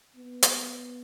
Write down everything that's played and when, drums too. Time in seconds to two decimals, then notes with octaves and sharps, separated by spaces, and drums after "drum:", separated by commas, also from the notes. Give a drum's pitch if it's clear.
0.15 B3
0.42 drum: hi-hat